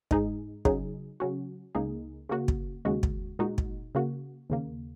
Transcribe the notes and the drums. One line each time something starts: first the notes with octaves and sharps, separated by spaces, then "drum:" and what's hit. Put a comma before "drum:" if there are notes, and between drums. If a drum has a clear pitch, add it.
G#2 G#3 D#4 G#4, drum: kick
C#3 F#3 D#4 G#4, drum: kick
C#3 F#3 C#4 F#4
C#2 C#3 A#3 D#4 G#4
C#3 A#3 F#4
drum: kick
D#2 C#3 G#3 F#4
drum: kick
A#2 G#3 D#4 F#4
drum: kick
C#3 A#3 F#4
D#2 C#3 A#3